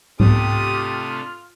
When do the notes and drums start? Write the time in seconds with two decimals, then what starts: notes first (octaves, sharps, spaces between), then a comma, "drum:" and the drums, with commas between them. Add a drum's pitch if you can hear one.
0.20 C3 A3 D4 F4 G4 D#6, drum: tom G#2